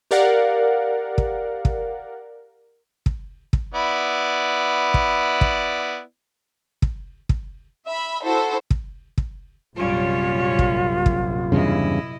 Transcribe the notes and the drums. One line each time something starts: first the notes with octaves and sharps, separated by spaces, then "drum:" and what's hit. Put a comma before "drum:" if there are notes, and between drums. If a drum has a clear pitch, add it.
G4 A#4 D5 F5 F#5
drum: kick
drum: kick
drum: kick
drum: kick
B3 E4 D5
drum: kick
drum: kick
drum: kick
drum: kick
E5 B5
E4 F#4 A4 C5
drum: kick
drum: kick
A#1 F#2 C3 G3 C#4 F4 C#5
drum: kick
drum: kick
E2 G2 C#3 E4 D#5